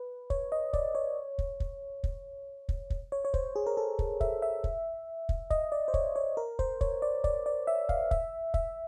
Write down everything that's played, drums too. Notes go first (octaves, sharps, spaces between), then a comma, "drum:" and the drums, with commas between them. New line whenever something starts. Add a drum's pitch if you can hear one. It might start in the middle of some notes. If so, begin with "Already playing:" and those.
Already playing: B4
C#5, drum: kick
D#5
D5, drum: kick
C#5
drum: kick
drum: kick
drum: kick
drum: kick
drum: kick
C#5
C#5
C5, drum: kick
G#4
A#4
A4
drum: kick
E5, drum: kick
E5
drum: kick
drum: kick
D#5, drum: kick
D5
C5
C#5, drum: kick
C#5
A#4
C5, drum: kick
C#5, drum: kick
D5
D5, drum: kick
D5
E5
F5, drum: kick
E5, drum: kick
E5, drum: kick